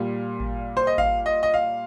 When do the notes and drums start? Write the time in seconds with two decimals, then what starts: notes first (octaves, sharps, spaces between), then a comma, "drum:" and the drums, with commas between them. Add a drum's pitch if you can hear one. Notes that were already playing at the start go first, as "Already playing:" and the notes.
Already playing: A#2 G3
0.40 drum: kick G#1
0.77 C5
0.87 D#5
0.98 F5, drum: kick G#1
1.26 D#5
1.43 D#5
1.54 F5